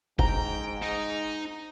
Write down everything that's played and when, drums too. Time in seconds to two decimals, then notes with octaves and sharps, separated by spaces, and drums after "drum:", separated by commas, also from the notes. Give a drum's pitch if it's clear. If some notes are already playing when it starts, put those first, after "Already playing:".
0.19 G#2 G5 A#5, drum: kick F1
0.83 D#4